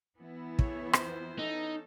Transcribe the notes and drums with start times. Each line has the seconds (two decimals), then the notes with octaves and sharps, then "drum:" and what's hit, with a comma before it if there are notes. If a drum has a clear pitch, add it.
0.18 E3 B3 E4
0.59 A3 G#4 C#5, drum: kick
0.93 F2 C5, drum: rim click
1.39 C#4 D#4 A4